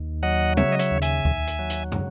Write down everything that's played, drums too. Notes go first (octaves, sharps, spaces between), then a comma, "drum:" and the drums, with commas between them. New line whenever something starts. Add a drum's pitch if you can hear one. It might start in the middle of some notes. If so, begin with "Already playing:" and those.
Already playing: D#2
F#3 D#5 F#5
C#3 C#5 E5, drum: tom F#3
D#5
C#5 E5, drum: hi-hat
D#2
E5 G#5, drum: hi-hat
D#2, drum: kick C#2
drum: hi-hat
F#3
drum: hi-hat
C#3, drum: tom